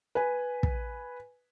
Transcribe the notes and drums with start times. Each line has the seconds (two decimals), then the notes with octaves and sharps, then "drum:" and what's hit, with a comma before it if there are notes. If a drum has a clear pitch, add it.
0.15 B4 G#5
0.63 drum: kick